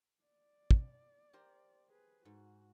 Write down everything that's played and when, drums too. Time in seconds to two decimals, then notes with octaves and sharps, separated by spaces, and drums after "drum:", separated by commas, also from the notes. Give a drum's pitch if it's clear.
0.24 D5
0.71 drum: kick
1.33 G4 A#4 C5
1.89 G#4 B4
2.25 G#2 F#4